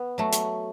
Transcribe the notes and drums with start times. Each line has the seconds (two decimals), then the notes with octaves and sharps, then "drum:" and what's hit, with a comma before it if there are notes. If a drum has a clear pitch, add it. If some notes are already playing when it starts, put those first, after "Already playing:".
Already playing: B3
0.18 F#3 A3
0.33 drum: hi-hat